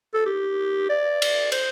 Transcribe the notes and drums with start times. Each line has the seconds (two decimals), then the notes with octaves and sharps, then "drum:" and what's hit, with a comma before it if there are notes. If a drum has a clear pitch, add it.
0.14 A4
0.26 G4
0.89 D5
1.22 drum: cymbal
1.52 C5, drum: cymbal